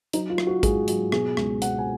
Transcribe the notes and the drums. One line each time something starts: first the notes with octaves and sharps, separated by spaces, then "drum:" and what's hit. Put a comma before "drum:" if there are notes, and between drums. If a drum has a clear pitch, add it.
F#3 D#4, drum: hi-hat
F4
F#3, drum: rim click
F#4
G#2 G#4, drum: kick A1, hi-hat
F#3, drum: hi-hat
B2 G#4, drum: rim click
C#2, drum: rim click
B2 F#5, drum: hi-hat
G#5